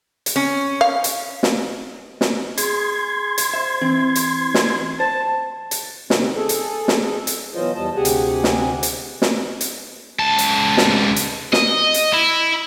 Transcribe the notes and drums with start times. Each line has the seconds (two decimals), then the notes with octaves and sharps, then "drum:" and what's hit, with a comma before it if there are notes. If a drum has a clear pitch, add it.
0.26 drum: hi-hat
0.36 C#4
0.81 F5
1.04 drum: hi-hat
1.43 drum: snare
2.21 drum: snare
2.58 G#4 C6 G#6, drum: hi-hat
3.38 drum: hi-hat
3.54 C5 E5
3.82 E3 C4
4.15 drum: hi-hat
4.54 drum: snare
5.00 C5 A5
5.71 drum: hi-hat
6.10 C3 D#3 C4, drum: snare
6.36 G#4 A4
6.49 drum: hi-hat
6.88 drum: snare
7.27 drum: hi-hat
7.54 B2 E3 F#3 F4 C5 D#5
7.75 E2 G3 D#5 A5
7.96 D2 C3 G4 G#4 F#5 G#5
8.05 drum: hi-hat
8.44 drum: snare
8.83 drum: hi-hat
9.22 drum: snare
9.61 drum: hi-hat
10.19 C#2 A5
10.38 drum: hi-hat
10.77 drum: snare
11.16 drum: hi-hat
11.53 D#5, drum: snare
11.94 drum: hi-hat
12.14 E4